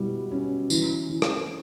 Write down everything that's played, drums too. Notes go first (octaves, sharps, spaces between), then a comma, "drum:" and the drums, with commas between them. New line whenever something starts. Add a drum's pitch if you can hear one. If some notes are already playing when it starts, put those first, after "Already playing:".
Already playing: B2 G3 E4
C#4
E3, drum: tambourine
E3
drum: rim click